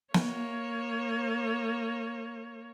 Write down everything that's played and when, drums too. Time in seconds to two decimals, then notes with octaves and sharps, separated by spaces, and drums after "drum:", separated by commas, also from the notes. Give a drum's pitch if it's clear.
0.14 A#3 C#5, drum: snare